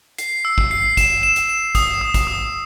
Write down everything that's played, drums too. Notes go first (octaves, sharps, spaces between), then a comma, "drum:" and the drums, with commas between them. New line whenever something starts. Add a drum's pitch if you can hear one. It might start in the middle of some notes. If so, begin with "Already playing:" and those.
C7, drum: hi-hat
E6
drum: kick
C7
E7, drum: kick, hi-hat
E7
drum: hi-hat
E7
D#6, drum: kick, hi-hat
D#6
drum: kick, hi-hat
D#6